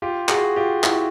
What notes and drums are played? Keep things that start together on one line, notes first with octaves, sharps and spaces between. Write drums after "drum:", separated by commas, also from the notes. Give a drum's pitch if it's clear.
F4 G4
F#4 G#4, drum: clap
F4 G4
E4 F#4, drum: clap